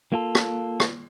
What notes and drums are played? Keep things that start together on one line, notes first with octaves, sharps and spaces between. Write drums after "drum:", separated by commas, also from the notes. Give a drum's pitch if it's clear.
A#3 F4 A4
drum: rim click
drum: rim click